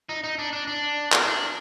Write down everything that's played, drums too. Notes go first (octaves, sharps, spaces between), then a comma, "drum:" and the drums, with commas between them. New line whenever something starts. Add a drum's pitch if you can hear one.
D#4
D#4
D4
D4
D4
drum: clap
D4